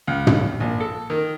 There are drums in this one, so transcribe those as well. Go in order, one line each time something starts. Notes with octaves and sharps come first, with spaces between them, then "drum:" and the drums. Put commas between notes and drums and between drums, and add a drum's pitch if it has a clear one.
C#2
drum: tom
A#1
A4
D#3